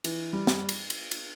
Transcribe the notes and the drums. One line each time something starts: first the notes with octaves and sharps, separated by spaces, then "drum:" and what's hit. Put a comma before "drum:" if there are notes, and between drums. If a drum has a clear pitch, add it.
E3, drum: cymbal
G3
drum: snare
drum: cymbal
drum: cymbal
drum: cymbal